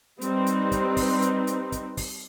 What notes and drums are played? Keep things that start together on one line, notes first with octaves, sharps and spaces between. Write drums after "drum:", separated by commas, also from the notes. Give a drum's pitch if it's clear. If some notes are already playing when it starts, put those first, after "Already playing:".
G3 C4 D#4 B4, drum: hi-hat
drum: hi-hat
drum: kick, hi-hat
drum: kick, open hi-hat
drum: hi-hat
drum: hi-hat
drum: kick, hi-hat
drum: kick, open hi-hat